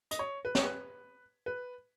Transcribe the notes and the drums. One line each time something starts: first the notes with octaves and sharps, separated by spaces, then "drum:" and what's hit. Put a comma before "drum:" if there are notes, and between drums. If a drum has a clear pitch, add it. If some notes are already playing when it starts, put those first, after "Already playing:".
D#5, drum: hi-hat
C#5
B4
C#5, drum: snare
B4
B4